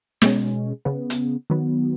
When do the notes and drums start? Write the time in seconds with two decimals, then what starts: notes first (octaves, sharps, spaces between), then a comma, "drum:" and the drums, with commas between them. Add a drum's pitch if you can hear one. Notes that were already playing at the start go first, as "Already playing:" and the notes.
0.22 B2 G#3 C#4, drum: snare
0.85 C#3 B3
1.10 drum: hi-hat
1.50 D#3 F#3 B3